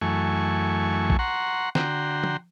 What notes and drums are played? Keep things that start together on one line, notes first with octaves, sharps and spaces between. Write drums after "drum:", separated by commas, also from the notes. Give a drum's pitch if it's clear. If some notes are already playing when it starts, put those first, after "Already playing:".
F#2 E3 A3 G#5 C#6
drum: kick A#1
F#5 A#5 C6 C#6
D3 F#4 G5 A#5 C6, drum: snare
drum: tom